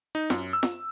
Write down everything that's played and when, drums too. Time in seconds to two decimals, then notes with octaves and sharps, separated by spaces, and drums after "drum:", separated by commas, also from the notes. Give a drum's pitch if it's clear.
0.15 D#4
0.30 F#2, drum: snare
0.53 E6
0.63 drum: snare